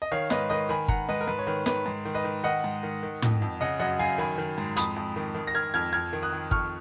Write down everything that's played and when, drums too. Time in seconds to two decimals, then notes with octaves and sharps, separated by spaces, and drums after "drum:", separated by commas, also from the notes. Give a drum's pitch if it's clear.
0.02 D#5
0.11 D#3 C#5 F5
0.30 G#2 B4 D#5, drum: snare
0.50 D#3 B4 D#5
0.69 D#3 G#5 B5
0.88 D#3 F#5 A#5, drum: kick G1
1.09 G#2 B4 D#5
1.21 A#4
1.28 G#2 B4
1.39 C#5
1.47 D#3 B4
1.66 D#3 B4, drum: snare
1.86 G#2
2.05 D#3
2.14 B4 D#5
2.24 D#3
2.44 D#3 D#5 F#5
2.64 G#2
2.83 D#3
3.03 D#3
3.22 F2, drum: tom
3.42 F2
3.61 C#3 D#5 F#5
3.79 F#2 D#5 F#5
3.99 F#2 F5 G#5
4.18 D#3 G#5 B5
4.38 D#3
4.58 G#2
4.77 F2 B5 D#6, drum: hi-hat
4.96 F2
5.16 D#3
5.35 D#3
5.47 A#6
5.54 D#3 F6 G#6
5.74 F2 F6 G#6
5.93 F2 F6 G#6
6.13 D#3
6.22 D#6 F#6
6.33 D#3
6.51 F2 C#6 F6, drum: kick G1